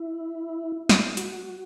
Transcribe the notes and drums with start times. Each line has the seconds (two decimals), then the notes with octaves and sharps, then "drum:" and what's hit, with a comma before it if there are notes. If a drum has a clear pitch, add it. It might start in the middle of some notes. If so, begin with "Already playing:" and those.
Already playing: E4
0.89 drum: snare
1.17 F#4, drum: hi-hat